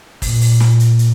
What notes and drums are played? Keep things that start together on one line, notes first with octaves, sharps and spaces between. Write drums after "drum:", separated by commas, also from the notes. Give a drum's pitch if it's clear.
A#2, drum: kick, open hi-hat
drum: open hi-hat
drum: snare
drum: hi-hat
drum: hi-hat